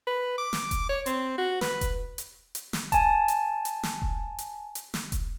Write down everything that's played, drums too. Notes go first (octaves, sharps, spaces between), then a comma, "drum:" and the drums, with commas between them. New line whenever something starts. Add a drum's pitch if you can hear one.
B4
D6
drum: snare
drum: kick E1, hi-hat
C#5
C4, drum: hi-hat
F#4
B4, drum: snare
drum: kick E1, hi-hat
drum: hi-hat
drum: hi-hat
drum: snare
G#5 A5, drum: kick E1, hi-hat
drum: hi-hat
drum: hi-hat
drum: snare
drum: kick E1
drum: hi-hat
drum: hi-hat
drum: snare
drum: kick E1, hi-hat